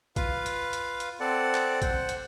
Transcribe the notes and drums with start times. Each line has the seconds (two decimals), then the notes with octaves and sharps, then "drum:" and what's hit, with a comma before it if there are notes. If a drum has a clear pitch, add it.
0.16 F4 B4 F5, drum: kick A#1, hi-hat
0.46 drum: hi-hat
0.73 drum: hi-hat
1.00 drum: hi-hat
1.20 C4 A4 D5 F#5
1.54 drum: clap
1.82 C5 F#5, drum: kick A#1, hi-hat
2.09 drum: hi-hat